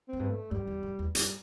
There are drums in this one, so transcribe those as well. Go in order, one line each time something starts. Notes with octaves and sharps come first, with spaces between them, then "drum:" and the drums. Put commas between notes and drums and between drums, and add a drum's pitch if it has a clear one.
F#2 C4
G2
A3
F#2 G3
E2
F#2
E2
F#2 G3, drum: hi-hat